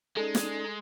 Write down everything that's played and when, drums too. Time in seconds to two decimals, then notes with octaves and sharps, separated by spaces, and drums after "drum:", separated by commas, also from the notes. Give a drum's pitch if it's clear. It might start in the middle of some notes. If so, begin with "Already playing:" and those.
0.17 G#3 C#4 D#4 A4 D5
0.35 drum: snare